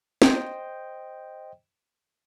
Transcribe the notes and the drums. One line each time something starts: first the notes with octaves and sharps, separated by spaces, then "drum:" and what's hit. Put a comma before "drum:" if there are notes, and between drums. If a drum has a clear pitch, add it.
C5 D#5 G5, drum: snare